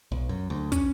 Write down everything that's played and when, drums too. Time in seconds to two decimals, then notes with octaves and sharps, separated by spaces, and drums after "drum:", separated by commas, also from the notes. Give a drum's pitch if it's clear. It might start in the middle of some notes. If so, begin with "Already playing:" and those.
0.12 B1
0.29 F#2
0.50 D2
0.72 C#4, drum: kick, hi-hat